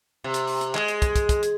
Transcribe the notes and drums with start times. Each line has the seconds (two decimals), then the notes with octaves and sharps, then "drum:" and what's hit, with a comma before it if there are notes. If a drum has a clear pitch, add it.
0.24 C3
0.34 drum: hi-hat
0.48 drum: open hi-hat
0.61 drum: hi-hat
0.75 G#3, drum: clap
0.88 drum: hi-hat
1.02 drum: kick, hi-hat
1.16 drum: kick, hi-hat
1.29 drum: kick, hi-hat
1.43 drum: hi-hat